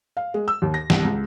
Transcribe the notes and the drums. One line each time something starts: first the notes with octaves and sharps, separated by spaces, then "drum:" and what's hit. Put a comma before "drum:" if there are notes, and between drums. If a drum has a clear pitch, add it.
F5
G#3
E6
D#2
A#6
C2, drum: snare E3
C#2